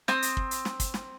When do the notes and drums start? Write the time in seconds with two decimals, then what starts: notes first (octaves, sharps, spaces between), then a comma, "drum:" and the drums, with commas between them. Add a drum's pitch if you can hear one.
0.08 C4 D#6, drum: snare
0.22 drum: hi-hat
0.37 drum: kick
0.51 drum: hi-hat
0.65 drum: snare
0.80 drum: kick, hi-hat
0.94 drum: snare